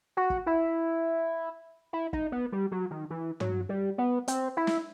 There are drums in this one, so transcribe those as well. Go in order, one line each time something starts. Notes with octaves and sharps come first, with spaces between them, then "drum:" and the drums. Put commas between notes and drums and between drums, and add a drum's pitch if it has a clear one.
F#4
drum: kick
E4
E4
D#4, drum: kick
B3
G3
F#3
D#3
E3
F#3, drum: tom
G3
B3
C4, drum: hi-hat
E4
drum: snare